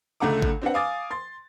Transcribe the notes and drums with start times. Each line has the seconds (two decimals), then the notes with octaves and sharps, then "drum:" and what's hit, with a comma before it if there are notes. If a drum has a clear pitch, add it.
0.20 C#2 D3 A3 F#5 A#5 D6
0.42 drum: kick G#1
0.62 C4 D4 B4 F#5
0.74 F5 G#5 D6 D#6 A6
1.11 C6 A6